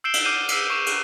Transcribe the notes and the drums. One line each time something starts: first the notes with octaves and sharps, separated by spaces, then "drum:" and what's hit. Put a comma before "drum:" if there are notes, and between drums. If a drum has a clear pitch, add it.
E6 G6 C7 D7 E7 G7
drum: cymbal
D6 F6 G6 C7 D#7
E6 C7, drum: cymbal
C#6 E7 F7
D#7, drum: cymbal